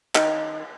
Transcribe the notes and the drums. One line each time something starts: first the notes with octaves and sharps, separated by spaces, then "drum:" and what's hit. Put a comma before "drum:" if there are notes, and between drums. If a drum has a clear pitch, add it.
D#3, drum: clap